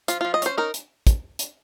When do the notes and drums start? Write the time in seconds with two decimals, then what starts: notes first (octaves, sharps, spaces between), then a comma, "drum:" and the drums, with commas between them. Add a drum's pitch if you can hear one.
0.08 F3 F4, drum: hi-hat
0.21 F3 F4
0.34 D#5
0.42 C#4 C5, drum: hi-hat
0.58 D#4 A#4
0.74 drum: hi-hat
1.07 drum: kick, hi-hat
1.39 drum: hi-hat